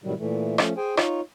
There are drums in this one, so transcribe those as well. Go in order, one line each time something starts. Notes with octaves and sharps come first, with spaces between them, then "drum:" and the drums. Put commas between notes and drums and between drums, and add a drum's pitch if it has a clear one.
A2 C3 D#3 F#3 G3
A#2 E3 A3
F3 A3 C#4, drum: rim click
G#4 C5 G5 G#5
D#4 F4 C#5, drum: rim click